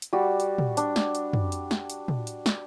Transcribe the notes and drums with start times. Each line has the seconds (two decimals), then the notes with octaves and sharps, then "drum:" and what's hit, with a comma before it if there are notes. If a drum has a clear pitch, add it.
0.02 drum: hi-hat
0.13 G3 F#4 D5
0.40 drum: hi-hat
0.58 drum: tom
0.77 D4, drum: hi-hat
0.96 drum: snare
1.15 drum: hi-hat
1.33 drum: tom
1.52 drum: hi-hat
1.71 drum: snare
1.90 drum: hi-hat
2.08 drum: tom
2.27 drum: hi-hat
2.46 drum: snare